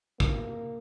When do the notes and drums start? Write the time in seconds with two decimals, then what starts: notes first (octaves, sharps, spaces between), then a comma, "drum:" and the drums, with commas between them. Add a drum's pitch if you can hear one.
0.20 A#3, drum: kick